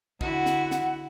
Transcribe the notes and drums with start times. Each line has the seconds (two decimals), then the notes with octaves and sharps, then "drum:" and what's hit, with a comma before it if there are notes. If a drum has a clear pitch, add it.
0.21 D3 E4 F#4 F#5, drum: kick
0.46 drum: snare
0.71 drum: snare